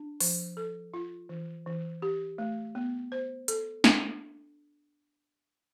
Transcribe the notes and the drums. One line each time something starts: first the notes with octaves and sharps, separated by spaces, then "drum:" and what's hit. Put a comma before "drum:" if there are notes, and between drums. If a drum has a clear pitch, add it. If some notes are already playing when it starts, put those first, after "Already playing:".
Already playing: D4
F3, drum: open hi-hat
A4
F4
E3
E3
G4
A3
B3
C5
A4, drum: hi-hat
D4, drum: snare